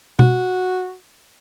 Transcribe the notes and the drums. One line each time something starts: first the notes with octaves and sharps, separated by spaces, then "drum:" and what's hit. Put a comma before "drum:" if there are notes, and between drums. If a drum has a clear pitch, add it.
F#4, drum: tom B2